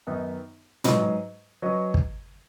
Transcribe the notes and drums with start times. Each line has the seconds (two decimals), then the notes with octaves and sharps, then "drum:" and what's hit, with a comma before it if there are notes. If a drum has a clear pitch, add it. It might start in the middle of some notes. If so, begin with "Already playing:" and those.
0.07 F#2 D#3 B3 D#4
0.84 G#2 F#3 C#4 B4 D#5, drum: tom
1.62 F#3 C#4 B4 D#5
1.94 drum: kick